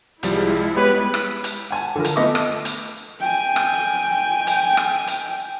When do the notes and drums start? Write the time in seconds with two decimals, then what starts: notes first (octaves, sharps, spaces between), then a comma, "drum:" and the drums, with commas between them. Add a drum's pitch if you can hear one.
0.23 C2 F3 G3 G#3 E4, drum: hi-hat
0.77 B3 G4 B4 C#5
1.14 drum: rim click
1.44 drum: hi-hat
1.70 F#5 G#5 A5
1.96 D3 F3 A#4
2.05 drum: hi-hat
2.16 A3 B3 D#5 C#6 D6
2.35 drum: rim click
2.65 drum: hi-hat
3.20 G5 G#5
3.56 drum: rim click
4.47 drum: hi-hat
4.77 drum: rim click
5.08 drum: hi-hat